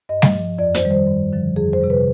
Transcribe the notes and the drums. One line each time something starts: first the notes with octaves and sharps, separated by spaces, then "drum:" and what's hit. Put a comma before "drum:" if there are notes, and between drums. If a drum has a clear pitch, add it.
G2 D#5
drum: snare G3
F3
F2 D5
C5, drum: hi-hat
D#3 G3
C5
G2
D3 F3
F2 G#4
C5
C3 G3
B4